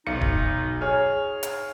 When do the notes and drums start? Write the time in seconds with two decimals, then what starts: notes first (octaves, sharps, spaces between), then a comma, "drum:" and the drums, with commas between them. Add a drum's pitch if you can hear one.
0.07 B1 D#4 C#7
0.21 drum: kick E1
0.81 G#4 C#5 F6
1.43 drum: hi-hat